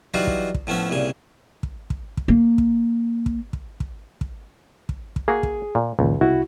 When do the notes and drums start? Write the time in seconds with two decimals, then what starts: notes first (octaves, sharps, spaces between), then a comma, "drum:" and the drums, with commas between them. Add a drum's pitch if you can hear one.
0.14 E3 F#3 G3 D#4 F4 F#4
0.27 drum: kick
0.54 drum: kick
0.67 A2 F3 B3 C#4 E5
0.90 C2 A#2 C#3 G#5
1.63 drum: kick
1.90 drum: kick
2.17 drum: kick
2.28 A#3
2.58 drum: kick
3.26 drum: kick
3.53 drum: kick
3.80 drum: kick
4.21 drum: kick
4.89 drum: kick
5.16 drum: kick
5.28 A#3 F#4 G#4
5.43 drum: kick
5.75 A#2
5.99 C#2 F#2 A#2 D#3
6.21 C2 E4 F#4